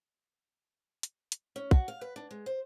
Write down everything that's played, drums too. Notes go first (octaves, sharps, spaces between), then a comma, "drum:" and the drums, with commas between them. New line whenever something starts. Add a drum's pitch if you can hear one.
drum: hi-hat
drum: hi-hat
C#4
F#4, drum: kick
F5
B4
D4
G#3
C5